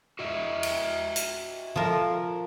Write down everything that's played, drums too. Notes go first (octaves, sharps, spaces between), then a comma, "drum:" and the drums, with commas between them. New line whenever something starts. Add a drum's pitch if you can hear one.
F#4 D#5 E5
drum: cymbal
drum: hi-hat
F3 A#4